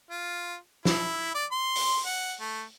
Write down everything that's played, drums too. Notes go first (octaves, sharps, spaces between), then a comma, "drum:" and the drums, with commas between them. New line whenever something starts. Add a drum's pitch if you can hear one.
F4
E4, drum: snare
D5
C6
drum: open hi-hat
F#5
A3